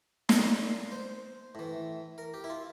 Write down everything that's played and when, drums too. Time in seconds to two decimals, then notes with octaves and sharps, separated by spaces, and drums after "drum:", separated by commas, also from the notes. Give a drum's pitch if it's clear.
0.29 A#2, drum: snare
0.92 C5
1.55 A2 E3
2.18 A#4
2.34 G4
2.44 E4
2.50 F4